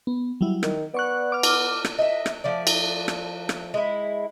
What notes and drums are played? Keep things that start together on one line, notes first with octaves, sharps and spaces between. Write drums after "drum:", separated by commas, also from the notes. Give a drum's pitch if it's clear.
B3
F#3 G3 E4
D#3, drum: rim click
B3 D5 C#6 F#6
D6 F6
drum: cymbal
drum: rim click
D#5 E5
drum: rim click
F3 A3 D5
drum: cymbal
drum: rim click
drum: rim click
G#3 E4